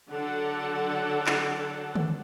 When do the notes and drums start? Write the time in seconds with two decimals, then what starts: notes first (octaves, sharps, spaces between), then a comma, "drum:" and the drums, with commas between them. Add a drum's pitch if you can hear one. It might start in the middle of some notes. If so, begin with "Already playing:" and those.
0.12 D3 F#3 A4 D5 F#5
1.27 drum: clap
1.95 drum: tom D3